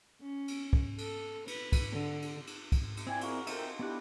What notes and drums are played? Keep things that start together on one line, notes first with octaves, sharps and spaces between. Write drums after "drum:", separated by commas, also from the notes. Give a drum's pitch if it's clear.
C#4
drum: cymbal
drum: kick
A4, drum: cymbal
B4, drum: cymbal
drum: kick, cymbal
D3
drum: cymbal
drum: cymbal
drum: kick, cymbal
drum: cymbal
C4 E4 D5 G5 G#5 G#6
F4 F#4 G#4 A#4, drum: cymbal
C4 D#4 A4 E5 G5, drum: cymbal
B3 D4 E4 G4 A5 D6 F#6